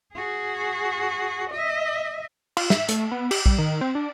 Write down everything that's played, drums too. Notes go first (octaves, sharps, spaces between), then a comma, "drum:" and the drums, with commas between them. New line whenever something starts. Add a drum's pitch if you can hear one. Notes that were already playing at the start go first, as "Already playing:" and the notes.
F#4 G#4
D#5 E5
F4, drum: cymbal
E5, drum: snare
A3, drum: hi-hat
B3
G4, drum: cymbal
G3, drum: kick A#1
D#3
C4
D4